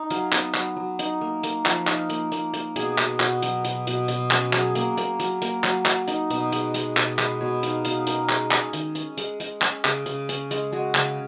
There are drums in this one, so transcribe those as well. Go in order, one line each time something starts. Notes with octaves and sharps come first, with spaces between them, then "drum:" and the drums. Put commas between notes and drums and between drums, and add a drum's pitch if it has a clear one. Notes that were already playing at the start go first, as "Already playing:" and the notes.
Already playing: D#4
F#3 F5, drum: hi-hat
B3, drum: clap
F#3, drum: clap
F#3
D#4, drum: hi-hat
A#3
A#3, drum: hi-hat
F3, drum: clap
D#4 F5, drum: clap
A#3, drum: hi-hat
A#3, drum: hi-hat
A#3, drum: hi-hat
B2 G#4, drum: hi-hat
B2, drum: clap
B2 F#4, drum: clap
F#3, drum: hi-hat
B2, drum: hi-hat
B2, drum: hi-hat
B2, drum: hi-hat
C#4, drum: clap
F#3 G#4, drum: clap
A#3, drum: hi-hat
A#3, drum: hi-hat
F#3, drum: hi-hat
A#3, drum: hi-hat
F#3, drum: clap
F#3, drum: clap
D#4, drum: hi-hat
B2, drum: hi-hat
G#3, drum: hi-hat
G#3, drum: hi-hat
B2, drum: clap
G#3 B4, drum: clap
B2 C#5
D#4 F5, drum: hi-hat
B2 F5, drum: hi-hat
C#4 A#4, drum: hi-hat
G#3, drum: clap
C#4 G#4, drum: clap
D#3, drum: hi-hat
C#4, drum: hi-hat
G#3, drum: hi-hat
G#3, drum: hi-hat
C#4, drum: clap
C#3, drum: clap
C#3, drum: hi-hat
C#4, drum: hi-hat
G#3, drum: hi-hat
G#3 F#4
C#3, drum: clap